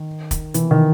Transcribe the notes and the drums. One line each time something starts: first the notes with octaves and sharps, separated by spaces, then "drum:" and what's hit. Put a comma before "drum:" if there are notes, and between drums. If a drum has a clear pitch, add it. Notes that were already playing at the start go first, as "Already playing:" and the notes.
Already playing: D#3
drum: kick, hi-hat
E3, drum: hi-hat
D#3